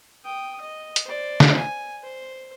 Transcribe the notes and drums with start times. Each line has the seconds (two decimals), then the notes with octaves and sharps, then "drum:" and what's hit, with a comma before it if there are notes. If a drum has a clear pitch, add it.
0.25 G5 D#6
0.61 D#5
0.96 drum: hi-hat
1.05 C5 D5
1.40 drum: snare
1.56 G#5
2.03 C5